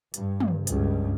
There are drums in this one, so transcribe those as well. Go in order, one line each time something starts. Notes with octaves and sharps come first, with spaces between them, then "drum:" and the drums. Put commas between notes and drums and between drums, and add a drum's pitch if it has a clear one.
G2, drum: hi-hat
drum: tom
C#2 G2, drum: hi-hat